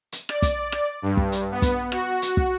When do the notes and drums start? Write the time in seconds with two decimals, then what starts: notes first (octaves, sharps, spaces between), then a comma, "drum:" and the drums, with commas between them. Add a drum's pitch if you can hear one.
0.12 drum: hi-hat
0.29 D5, drum: rim click
0.42 drum: kick, hi-hat
0.72 drum: rim click
1.02 G2
1.17 drum: kick
1.32 drum: hi-hat
1.51 B3
1.62 drum: kick, hi-hat
1.92 F#4, drum: rim click
2.22 drum: hi-hat
2.37 drum: kick